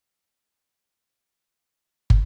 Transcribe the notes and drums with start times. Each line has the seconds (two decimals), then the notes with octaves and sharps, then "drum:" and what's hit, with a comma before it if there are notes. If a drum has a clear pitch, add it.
0.09 E4
0.22 D3 E3
0.35 D4
0.59 D#3 F3 E4
0.78 F4
0.97 F4
1.17 F#4
1.35 F3 G3 G4
1.45 G#4
1.55 G4
2.10 drum: kick